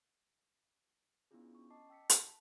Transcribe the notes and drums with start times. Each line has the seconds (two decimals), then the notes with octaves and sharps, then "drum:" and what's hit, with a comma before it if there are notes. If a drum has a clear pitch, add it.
1.31 B3 C#4 D4 E4 F4 G#4
1.55 C#4 C#6
1.70 D#5 A5 D6 C7
1.90 G5 E6 B6 C#7
2.10 A5, drum: hi-hat